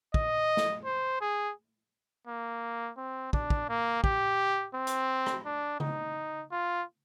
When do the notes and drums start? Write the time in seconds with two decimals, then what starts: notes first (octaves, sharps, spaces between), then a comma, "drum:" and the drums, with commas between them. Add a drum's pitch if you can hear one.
0.14 D#5, drum: kick
0.57 drum: snare
0.85 C5
1.21 G#4
2.27 A#3
2.97 C4
3.33 D4, drum: kick
3.50 drum: kick
3.69 A#3
4.04 G4, drum: kick
4.75 C4
4.87 drum: hi-hat
5.26 drum: rim click
5.45 D4
5.80 D#4, drum: tom C#3
6.51 F4